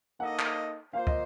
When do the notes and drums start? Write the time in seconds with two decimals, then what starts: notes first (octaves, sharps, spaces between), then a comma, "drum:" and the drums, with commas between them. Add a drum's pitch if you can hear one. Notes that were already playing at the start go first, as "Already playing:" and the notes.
0.20 A#3 D#4 A4 D#5 F#5
0.39 drum: clap
0.93 A#3 F4 C5 F5
1.07 D#5, drum: kick